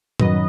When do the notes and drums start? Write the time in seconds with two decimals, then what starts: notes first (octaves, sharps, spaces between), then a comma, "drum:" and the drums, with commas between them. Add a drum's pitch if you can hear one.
0.20 F#2 D#3 F#3 B4 D#5, drum: tom A2